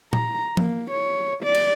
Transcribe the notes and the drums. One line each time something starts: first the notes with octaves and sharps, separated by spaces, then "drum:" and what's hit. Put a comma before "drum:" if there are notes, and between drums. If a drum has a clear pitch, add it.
A#5, drum: tom
A#3, drum: tom F3
C#5
D5
drum: cymbal